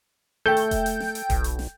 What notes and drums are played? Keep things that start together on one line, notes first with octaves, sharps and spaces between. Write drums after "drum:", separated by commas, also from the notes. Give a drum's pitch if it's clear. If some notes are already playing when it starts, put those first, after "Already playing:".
A3 A4 G5 G6
drum: hi-hat
drum: kick E1, hi-hat
drum: hi-hat
drum: snare
drum: hi-hat
B1, drum: kick E1, hi-hat
drum: hi-hat
drum: snare